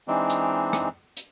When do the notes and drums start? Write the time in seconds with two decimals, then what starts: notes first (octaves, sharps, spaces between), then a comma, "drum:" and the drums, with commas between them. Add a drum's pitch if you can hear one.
0.08 E3 G#3 C4 D4 D#4
0.30 drum: hi-hat
0.73 drum: rim click
1.17 drum: hi-hat